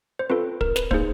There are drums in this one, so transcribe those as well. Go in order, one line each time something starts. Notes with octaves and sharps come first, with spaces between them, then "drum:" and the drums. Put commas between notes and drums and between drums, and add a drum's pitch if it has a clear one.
C5
C4 F4 A4 B4
A#4, drum: kick
B4, drum: snare
A#3 D#4 G#4 C5, drum: kick